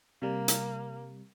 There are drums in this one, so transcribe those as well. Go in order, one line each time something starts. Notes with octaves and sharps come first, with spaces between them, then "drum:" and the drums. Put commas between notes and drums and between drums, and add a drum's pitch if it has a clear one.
C3 G3 A#3
drum: hi-hat